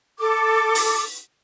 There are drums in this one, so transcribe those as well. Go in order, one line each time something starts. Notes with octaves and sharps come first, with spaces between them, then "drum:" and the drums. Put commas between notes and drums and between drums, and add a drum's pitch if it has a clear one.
A4 D6
drum: open hi-hat